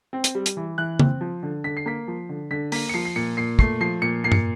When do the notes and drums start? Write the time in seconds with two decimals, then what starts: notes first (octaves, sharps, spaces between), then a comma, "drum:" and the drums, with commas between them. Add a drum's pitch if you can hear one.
0.13 C4
0.24 drum: hi-hat
0.35 G3
0.46 drum: hi-hat
0.57 E3
0.78 E3 F#6
0.99 C4, drum: tom C#3
1.21 F3
1.43 D3
1.64 D3 B6
1.77 C7
1.86 A#3 B6
2.08 F3
2.29 D3
2.51 D3 B6
2.72 A#3 B6, drum: open hi-hat
2.89 C#7
2.94 F3 C7
3.05 C7
3.16 A#2 C#7
3.37 A#2 C7
3.59 A3 C7, drum: kick
3.80 F3 C7
4.02 A#2 C#7
4.24 A#2 C7
4.32 C#7, drum: tom G2